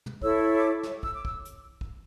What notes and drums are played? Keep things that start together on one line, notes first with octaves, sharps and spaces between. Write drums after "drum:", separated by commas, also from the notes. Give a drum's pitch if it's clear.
drum: tom
E4 A4 C#5 E6, drum: kick
D6
drum: snare
E6, drum: kick
D6
E6, drum: kick
drum: hi-hat
drum: kick